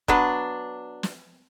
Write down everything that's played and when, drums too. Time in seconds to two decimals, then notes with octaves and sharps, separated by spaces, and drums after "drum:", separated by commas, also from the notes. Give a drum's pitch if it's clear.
0.08 F#3 B3 D4, drum: kick
1.03 drum: snare